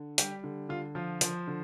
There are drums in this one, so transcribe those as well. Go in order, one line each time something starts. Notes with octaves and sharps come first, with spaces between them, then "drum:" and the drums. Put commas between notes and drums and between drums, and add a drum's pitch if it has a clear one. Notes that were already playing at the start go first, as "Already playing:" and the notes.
Already playing: D3
G3 G4, drum: hi-hat
D3
D3 F4
F3 F4
F3, drum: hi-hat
D3